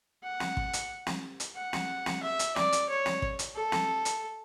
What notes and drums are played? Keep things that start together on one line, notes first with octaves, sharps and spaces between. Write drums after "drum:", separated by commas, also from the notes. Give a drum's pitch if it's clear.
F#5
drum: snare
drum: kick
drum: hi-hat
drum: snare
drum: hi-hat
F#5
drum: snare
drum: snare
E5
drum: hi-hat
D5, drum: snare
drum: hi-hat
C#5
drum: snare
drum: kick
drum: hi-hat
A4
drum: snare
drum: hi-hat